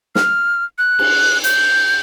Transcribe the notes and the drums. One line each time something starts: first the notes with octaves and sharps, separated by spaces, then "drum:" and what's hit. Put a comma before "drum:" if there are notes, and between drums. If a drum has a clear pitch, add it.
F6, drum: snare
F#6
drum: cymbal
G6, drum: hi-hat